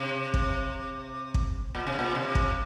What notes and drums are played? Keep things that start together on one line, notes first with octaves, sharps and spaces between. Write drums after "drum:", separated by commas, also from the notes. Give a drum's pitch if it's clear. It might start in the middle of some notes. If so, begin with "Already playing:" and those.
Already playing: C3
drum: kick
drum: kick
A#2
C3
A#2
C3
drum: kick